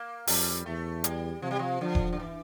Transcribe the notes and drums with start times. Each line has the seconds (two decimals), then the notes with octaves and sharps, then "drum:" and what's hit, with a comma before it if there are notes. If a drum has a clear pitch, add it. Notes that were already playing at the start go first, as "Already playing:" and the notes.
Already playing: A#3
0.27 F2 G3, drum: open hi-hat
0.66 E2 A3
1.04 G3, drum: hi-hat
1.42 C3 F3
1.51 G3
1.59 F3
1.81 D3 F3
1.95 drum: kick E1
2.13 D3
2.19 E3